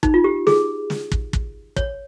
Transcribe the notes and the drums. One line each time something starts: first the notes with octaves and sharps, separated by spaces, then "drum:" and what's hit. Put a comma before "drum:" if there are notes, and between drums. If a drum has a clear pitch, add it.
D#4, drum: kick
F4
G4
G#4, drum: snare
drum: snare
drum: kick
drum: kick
C#5, drum: kick